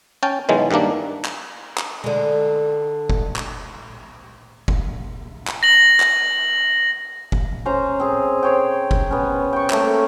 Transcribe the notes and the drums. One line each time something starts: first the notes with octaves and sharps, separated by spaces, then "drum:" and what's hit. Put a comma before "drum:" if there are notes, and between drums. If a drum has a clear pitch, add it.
C#4 G5 A5
B2 D#3 E3 F#3 G#3
G2 D#3 E3 A#3 D4
drum: clap
drum: clap
D3 G#3
drum: kick F#1
drum: clap
drum: kick F#1
drum: clap
A#6 F#7
drum: clap
drum: kick F#1
C#4 C5 A#5
C4 G#4
C5 C#5 G5
drum: kick F#1
B3 C#4
G5 C#6
A3 A#3 C#5 E5, drum: clap